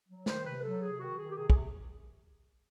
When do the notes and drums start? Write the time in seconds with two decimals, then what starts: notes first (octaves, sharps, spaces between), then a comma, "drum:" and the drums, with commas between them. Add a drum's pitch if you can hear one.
0.08 F#3
0.26 D#3 C5, drum: snare
0.44 C3 B4
0.62 F#3 A4
0.81 C3 G#4
0.99 D#3 F#4
1.17 D#3 G#4
1.30 G4
1.35 C3 G#4
1.50 G#4, drum: kick
1.53 C3